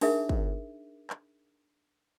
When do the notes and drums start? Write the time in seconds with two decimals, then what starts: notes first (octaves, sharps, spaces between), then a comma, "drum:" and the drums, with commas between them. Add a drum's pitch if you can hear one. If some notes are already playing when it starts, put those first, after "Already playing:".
0.01 D4 D#4 G#4 A#4 E5, drum: open hi-hat
0.29 drum: kick
1.10 drum: clap